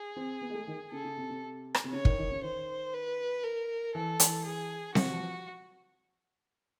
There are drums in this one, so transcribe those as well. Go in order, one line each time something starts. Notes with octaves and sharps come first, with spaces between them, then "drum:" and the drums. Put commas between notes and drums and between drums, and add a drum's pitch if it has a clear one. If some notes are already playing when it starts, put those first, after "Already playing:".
Already playing: G#4
C4
B3
G#3
A3
D#3
C#3 A4
C#3
C3
C3
drum: rim click
C3
C#3 C#5
D#3, drum: kick
D#3
C#3
D#3 C5
B4
A#4
E3 A4
E3, drum: hi-hat
G#4
E3 F#4, drum: snare C4
F3